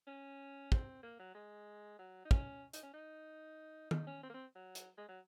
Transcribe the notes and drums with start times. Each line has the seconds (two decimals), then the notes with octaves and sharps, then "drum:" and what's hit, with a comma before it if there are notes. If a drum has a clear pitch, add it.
0.07 C#4
0.72 C4, drum: kick
1.03 A#3
1.19 F#3
1.35 G#3
1.99 F#3
2.25 D#4
2.31 C#4, drum: kick
2.73 D#4, drum: hi-hat
2.83 C#4
2.94 D#4
3.91 D#4, drum: tom D#3
4.07 C#4
4.23 C4
4.30 A#3
4.34 C4
4.55 F#3
4.75 drum: hi-hat
4.98 G#3
5.08 F#3